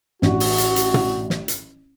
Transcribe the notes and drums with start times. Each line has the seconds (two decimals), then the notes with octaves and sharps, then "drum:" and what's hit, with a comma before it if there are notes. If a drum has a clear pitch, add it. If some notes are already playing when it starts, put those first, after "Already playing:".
0.22 A1 D4 F#4, drum: snare
0.40 drum: open hi-hat
0.58 drum: hi-hat
0.76 drum: hi-hat
0.94 drum: tom
1.30 drum: snare
1.48 drum: hi-hat